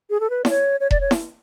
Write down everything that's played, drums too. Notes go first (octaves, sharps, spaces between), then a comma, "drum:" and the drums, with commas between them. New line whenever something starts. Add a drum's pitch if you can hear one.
G#4
A4
B4
D5, drum: snare E4
C#5
C#5
D5, drum: kick E1
C#5
drum: snare E4